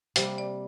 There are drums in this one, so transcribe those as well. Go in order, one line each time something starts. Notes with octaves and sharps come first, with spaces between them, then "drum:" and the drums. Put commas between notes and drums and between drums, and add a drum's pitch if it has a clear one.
C3 G3 A#3 C5, drum: hi-hat
D5